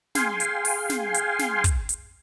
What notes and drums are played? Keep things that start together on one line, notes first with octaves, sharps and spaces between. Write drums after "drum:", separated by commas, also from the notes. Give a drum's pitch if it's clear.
G#4 F5 G5 G#5 C6, drum: snare
drum: hi-hat
drum: open hi-hat
drum: snare
drum: hi-hat
drum: snare
drum: kick, hi-hat
drum: hi-hat